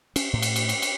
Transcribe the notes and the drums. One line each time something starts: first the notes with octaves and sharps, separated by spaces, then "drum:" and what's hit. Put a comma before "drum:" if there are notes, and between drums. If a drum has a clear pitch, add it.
C#4, drum: cymbal
A2
drum: cymbal
drum: cymbal
drum: cymbal
drum: cymbal